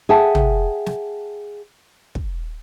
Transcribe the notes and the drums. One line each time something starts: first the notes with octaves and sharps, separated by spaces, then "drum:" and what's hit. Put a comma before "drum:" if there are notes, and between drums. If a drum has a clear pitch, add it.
G#4 E5 F#5 G5 A5
drum: tom
drum: snare
drum: kick